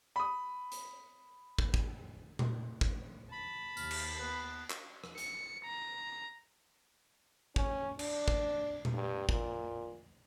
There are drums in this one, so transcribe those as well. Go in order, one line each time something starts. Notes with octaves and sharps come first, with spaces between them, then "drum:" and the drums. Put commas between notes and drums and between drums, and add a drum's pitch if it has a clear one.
B5 D#6
drum: hi-hat
drum: kick
drum: kick
drum: tom A#2
drum: kick
A5 B5
D#2 F6, drum: tambourine
drum: cymbal
B3 B4
drum: clap
drum: rim click
C#7, drum: hi-hat
A#5
C#4, drum: kick
D4, drum: cymbal
drum: kick
drum: tom A#2
G2
A#2, drum: kick